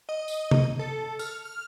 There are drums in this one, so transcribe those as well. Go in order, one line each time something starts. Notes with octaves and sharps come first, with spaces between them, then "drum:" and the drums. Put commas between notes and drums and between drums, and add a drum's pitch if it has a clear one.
D#5
drum: tambourine
drum: tom C3
A4
F6, drum: tambourine
F6